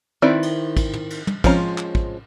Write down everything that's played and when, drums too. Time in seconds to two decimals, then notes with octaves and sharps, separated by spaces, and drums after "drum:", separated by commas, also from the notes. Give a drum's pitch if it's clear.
0.22 D#3 C4 E4 B4 D5
0.43 drum: cymbal
0.77 drum: kick, cymbal
0.93 drum: tom
1.10 drum: cymbal
1.27 drum: tom
1.44 F3 G#3 C4 C#4 A#5, drum: kick, cymbal
1.78 drum: clap
1.95 drum: kick